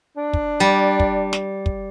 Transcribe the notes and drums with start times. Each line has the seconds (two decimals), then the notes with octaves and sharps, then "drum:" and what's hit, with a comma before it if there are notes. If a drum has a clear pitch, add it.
0.17 D4
0.33 drum: kick
0.60 G3
1.00 drum: kick
1.33 drum: snare
1.66 drum: kick